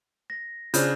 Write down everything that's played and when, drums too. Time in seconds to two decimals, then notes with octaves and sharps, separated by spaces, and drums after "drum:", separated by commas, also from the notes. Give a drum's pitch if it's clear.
0.30 A#6
0.74 C#3 D4 F4 C5 G6, drum: hi-hat